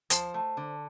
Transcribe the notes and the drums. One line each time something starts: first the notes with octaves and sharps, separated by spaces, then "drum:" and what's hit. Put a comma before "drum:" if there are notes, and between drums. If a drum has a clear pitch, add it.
F3 C5, drum: hi-hat
A3
D3